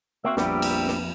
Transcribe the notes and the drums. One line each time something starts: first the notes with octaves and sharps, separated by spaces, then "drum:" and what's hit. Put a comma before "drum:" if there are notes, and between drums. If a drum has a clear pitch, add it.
A#3 C4 F#4 E5
A#1 F2 G3 B3 G4 A#4 E5, drum: snare
drum: cymbal
drum: snare